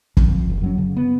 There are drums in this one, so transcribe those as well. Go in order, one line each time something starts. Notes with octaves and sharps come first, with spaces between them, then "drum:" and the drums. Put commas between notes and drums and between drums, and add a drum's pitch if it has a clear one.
F2, drum: kick
F#1
F#2 F#3 C#4
C#3
B3